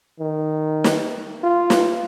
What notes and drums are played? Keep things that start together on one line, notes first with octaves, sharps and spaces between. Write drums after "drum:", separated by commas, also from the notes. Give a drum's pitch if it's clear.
D#3
drum: snare
F4
drum: snare